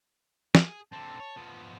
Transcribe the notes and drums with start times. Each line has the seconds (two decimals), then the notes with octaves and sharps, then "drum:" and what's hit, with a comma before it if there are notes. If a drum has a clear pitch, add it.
0.55 G#4, drum: snare
0.92 D3 C4 A5
1.20 C#5
1.37 F3 B3